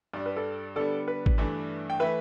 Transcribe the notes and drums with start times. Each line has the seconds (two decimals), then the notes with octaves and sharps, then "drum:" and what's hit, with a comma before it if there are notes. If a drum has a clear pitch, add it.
0.13 G2 G3 D4 D5
0.26 B4
0.36 A4 D5
0.76 D3 G3 B3 D4 A4 D5
1.08 B4
1.26 drum: kick A1
1.38 G2 E3 A3 D4
1.90 G5
2.00 E3 A3 B4 E5